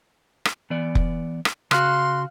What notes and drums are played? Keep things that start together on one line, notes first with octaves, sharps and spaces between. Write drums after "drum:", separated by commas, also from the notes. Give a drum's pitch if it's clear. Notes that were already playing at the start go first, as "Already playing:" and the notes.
drum: rim click
E3 B3 D5
drum: kick F1
drum: rim click
C#3 F#4 F5 C6 F6 F#6, drum: rim click